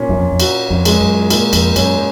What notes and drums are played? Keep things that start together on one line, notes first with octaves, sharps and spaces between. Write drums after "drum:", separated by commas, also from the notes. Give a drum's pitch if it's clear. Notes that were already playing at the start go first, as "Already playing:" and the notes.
Already playing: A#2 C#4
F#2
F2
F2
F#4, drum: cymbal
F2
G#3, drum: cymbal
F#2
A#2, drum: cymbal
F2, drum: cymbal
F#2 C#4, drum: cymbal